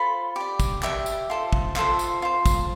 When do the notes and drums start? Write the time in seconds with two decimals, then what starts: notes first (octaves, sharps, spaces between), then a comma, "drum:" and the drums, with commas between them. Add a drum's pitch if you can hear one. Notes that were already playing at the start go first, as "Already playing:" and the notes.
Already playing: F4 A4 C5 B5
0.36 G4 D5
0.60 drum: kick, tambourine
0.83 G4 D5 E5, drum: clap
1.06 drum: tambourine
1.30 F4 A4 C5
1.53 drum: kick
1.76 F4 A4 C5, drum: clap
1.99 drum: tambourine
2.22 F4 C5
2.46 drum: kick, tambourine